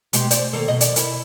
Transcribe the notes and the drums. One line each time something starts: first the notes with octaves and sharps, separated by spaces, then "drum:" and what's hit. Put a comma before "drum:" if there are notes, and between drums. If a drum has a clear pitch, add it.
B2 G#3 G4, drum: hi-hat
C5 D5, drum: hi-hat
D#3 A#3 A4
F#2 B2 D#5
D5, drum: hi-hat
E4 A#4, drum: hi-hat